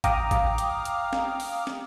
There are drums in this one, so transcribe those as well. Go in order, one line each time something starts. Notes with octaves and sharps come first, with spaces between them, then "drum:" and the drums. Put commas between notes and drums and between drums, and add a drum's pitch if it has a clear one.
F5 G5 A#5 D6 D#6 F6, drum: kick A1, hi-hat
drum: kick A1, hi-hat
drum: hi-hat
drum: hi-hat
drum: snare
drum: open hi-hat
drum: snare